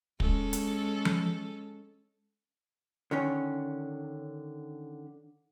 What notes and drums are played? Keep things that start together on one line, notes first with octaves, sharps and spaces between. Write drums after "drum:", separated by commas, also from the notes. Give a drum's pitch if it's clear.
G#3 C#4 A4, drum: kick
drum: hi-hat
drum: tom F3
D3 D#3 C#4